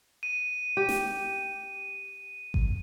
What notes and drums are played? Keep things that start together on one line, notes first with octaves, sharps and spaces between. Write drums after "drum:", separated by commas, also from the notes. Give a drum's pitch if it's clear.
D#7
G4
drum: snare
drum: kick G#1